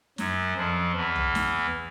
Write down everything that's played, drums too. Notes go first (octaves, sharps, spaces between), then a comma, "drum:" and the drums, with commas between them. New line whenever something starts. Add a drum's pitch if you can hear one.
F#2 F#3, drum: snare
F2 F3
E2 E3
drum: tom B1
drum: snare